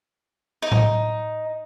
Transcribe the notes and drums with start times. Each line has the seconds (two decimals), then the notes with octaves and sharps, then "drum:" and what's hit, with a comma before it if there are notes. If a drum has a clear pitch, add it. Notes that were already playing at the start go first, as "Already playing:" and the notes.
0.62 D#4
0.71 drum: tom A2